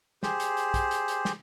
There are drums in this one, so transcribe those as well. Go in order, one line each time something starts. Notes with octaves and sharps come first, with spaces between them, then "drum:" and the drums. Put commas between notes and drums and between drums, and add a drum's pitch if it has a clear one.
G4 G#4 C5, drum: snare
drum: hi-hat
drum: hi-hat
drum: kick, hi-hat
drum: hi-hat
drum: hi-hat
drum: snare